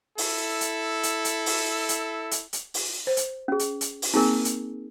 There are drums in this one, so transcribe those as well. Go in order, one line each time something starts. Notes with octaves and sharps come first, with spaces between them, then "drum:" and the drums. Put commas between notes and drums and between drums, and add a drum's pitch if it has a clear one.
E4 A4, drum: open hi-hat
drum: hi-hat
drum: hi-hat
drum: hi-hat
drum: open hi-hat
drum: hi-hat
drum: hi-hat
drum: hi-hat
drum: open hi-hat
C5
drum: hi-hat
C#4 G#4
drum: hi-hat
drum: hi-hat
drum: open hi-hat
A#3 C4 D#4 G#4 A#4
drum: hi-hat